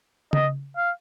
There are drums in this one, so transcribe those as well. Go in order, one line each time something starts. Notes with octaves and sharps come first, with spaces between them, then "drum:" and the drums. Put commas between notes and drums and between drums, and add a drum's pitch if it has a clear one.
D#5, drum: tom C#3
F5